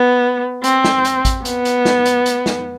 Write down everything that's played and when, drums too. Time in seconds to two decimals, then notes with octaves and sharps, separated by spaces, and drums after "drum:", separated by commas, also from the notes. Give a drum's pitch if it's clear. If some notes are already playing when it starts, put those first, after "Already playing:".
Already playing: B3
0.64 C4, drum: hi-hat
0.85 drum: snare
1.05 drum: hi-hat
1.25 drum: kick A1, hi-hat
1.45 B3, drum: hi-hat
1.65 drum: hi-hat
1.85 drum: snare
2.06 drum: hi-hat
2.26 drum: hi-hat
2.46 drum: snare